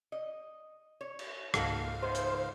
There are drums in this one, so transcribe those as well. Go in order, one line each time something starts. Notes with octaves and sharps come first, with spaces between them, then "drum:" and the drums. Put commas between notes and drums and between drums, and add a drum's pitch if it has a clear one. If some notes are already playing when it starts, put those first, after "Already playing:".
D#5
C#5
drum: cymbal
C#2 G#2 A#3 F#4 A4 F5, drum: rim click
G#3 A3 B3 C5
drum: hi-hat